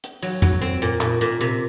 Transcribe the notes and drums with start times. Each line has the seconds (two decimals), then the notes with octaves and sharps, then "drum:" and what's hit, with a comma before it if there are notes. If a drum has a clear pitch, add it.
0.04 drum: hi-hat
0.22 F#3, drum: open hi-hat
0.42 F#3, drum: tom F2
0.61 C4
0.82 A#2
1.01 A#2, drum: clap
1.21 A#2
1.41 C3